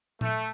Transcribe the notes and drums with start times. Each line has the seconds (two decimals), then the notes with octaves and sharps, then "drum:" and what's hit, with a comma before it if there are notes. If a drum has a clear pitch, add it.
0.21 A3, drum: tom A#2